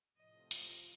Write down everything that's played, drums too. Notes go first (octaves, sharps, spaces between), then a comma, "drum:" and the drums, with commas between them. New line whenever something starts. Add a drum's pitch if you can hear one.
A2 C3 F3 D#5
F4, drum: hi-hat